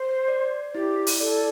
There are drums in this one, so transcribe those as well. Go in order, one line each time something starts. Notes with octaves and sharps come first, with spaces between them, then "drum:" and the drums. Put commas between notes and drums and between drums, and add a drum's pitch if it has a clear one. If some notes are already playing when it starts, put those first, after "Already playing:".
Already playing: C5
D5
E4 G4
drum: open hi-hat
A4 D5